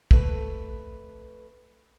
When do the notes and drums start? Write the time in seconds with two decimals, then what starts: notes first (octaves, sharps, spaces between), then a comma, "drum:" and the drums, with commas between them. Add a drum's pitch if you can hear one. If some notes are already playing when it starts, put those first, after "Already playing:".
0.11 F2 A3 B4, drum: kick